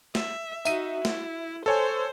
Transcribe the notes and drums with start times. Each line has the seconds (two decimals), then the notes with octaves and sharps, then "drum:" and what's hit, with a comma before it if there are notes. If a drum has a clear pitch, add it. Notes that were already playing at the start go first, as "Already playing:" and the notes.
0.15 E5, drum: snare
0.65 D#4 F#4 E5 D#7, drum: tambourine
1.05 E4, drum: snare
1.66 A4 C5 C#5 G#5